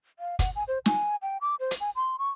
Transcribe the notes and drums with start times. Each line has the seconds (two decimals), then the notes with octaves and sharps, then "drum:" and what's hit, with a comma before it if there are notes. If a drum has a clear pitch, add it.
0.19 F5
0.39 F#5, drum: kick, hi-hat
0.56 G#5
0.68 C5
0.86 G#5, drum: snare
1.22 G5
1.41 D6
1.60 C5
1.71 drum: hi-hat
1.80 G#5
1.96 C6
2.19 C#6